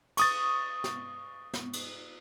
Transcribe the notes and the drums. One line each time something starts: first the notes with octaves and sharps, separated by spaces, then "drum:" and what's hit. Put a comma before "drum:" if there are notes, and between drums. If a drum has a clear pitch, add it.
C#6 D#6 A6, drum: cymbal
drum: snare
drum: snare
drum: cymbal